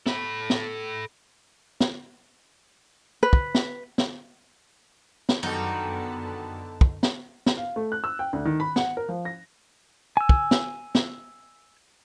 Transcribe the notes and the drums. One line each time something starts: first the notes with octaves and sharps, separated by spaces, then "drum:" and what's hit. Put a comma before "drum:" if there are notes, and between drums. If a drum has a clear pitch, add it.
A4 B5, drum: snare
drum: snare
drum: snare
B4
drum: kick
drum: snare
drum: snare
drum: snare
F#2 D3 D#3 G3 B3 D#4 F#4 A5
drum: kick
drum: snare
drum: snare
F5
A3
F#6
E6
G5
D2
D#3
B5
F#5, drum: snare
A#4
F3
A#6
G#5 E6
drum: kick
drum: snare
drum: snare